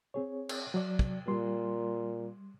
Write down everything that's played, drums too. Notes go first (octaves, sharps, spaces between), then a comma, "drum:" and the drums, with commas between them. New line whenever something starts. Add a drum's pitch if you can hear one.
C4 G#4 C#5
drum: cymbal
F#3 D5
drum: kick
A#2 G3 C6